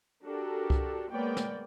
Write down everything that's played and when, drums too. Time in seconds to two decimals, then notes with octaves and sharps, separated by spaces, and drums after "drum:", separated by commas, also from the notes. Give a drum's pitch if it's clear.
0.24 D4 F#4 G4 A4 A#4
0.70 drum: kick C2
1.11 G#3 A#3 B3 C#5 D5 G5
1.37 drum: snare